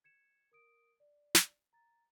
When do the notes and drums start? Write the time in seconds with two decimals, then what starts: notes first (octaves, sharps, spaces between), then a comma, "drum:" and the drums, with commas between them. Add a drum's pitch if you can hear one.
0.04 G#6 C#7 E7
0.52 A#4 D#6 D7
1.00 D5
1.35 drum: snare
1.73 A#5 A6